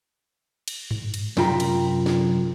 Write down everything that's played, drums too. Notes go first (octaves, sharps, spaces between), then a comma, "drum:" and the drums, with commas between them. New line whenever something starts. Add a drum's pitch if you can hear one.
drum: cymbal
drum: tom G2
drum: cymbal
F#2 C3 F4 G5 A#5 B5, drum: snare
drum: cymbal
drum: snare